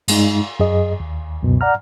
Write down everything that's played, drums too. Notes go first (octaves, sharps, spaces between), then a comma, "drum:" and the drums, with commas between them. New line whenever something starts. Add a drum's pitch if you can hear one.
G2 G#3 D#4, drum: cymbal
F#2 G#4 D#5
D#2
C#2 F#2 B2
D5 F#5 A#5 F6